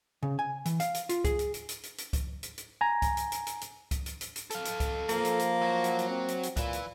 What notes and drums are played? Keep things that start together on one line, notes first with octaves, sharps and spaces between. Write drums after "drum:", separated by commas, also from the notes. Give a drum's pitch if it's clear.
C#3
G#5
E3, drum: hi-hat
F5, drum: hi-hat
drum: hi-hat
F4, drum: hi-hat
G#4, drum: kick, hi-hat
drum: hi-hat
drum: hi-hat
drum: hi-hat
drum: hi-hat
drum: hi-hat
drum: kick, hi-hat
drum: hi-hat
drum: hi-hat
G#5 A#5
drum: kick, hi-hat
drum: hi-hat
drum: hi-hat
drum: hi-hat
drum: hi-hat
drum: kick, hi-hat
drum: hi-hat
drum: hi-hat
drum: hi-hat
A4 F5, drum: hi-hat
drum: hi-hat
drum: kick, hi-hat
F3 A#3, drum: hi-hat
drum: hi-hat
drum: hi-hat
F#3 F#4
drum: hi-hat
drum: hi-hat
C4
drum: hi-hat
drum: hi-hat
A#2 E3 E4, drum: kick, hi-hat
drum: hi-hat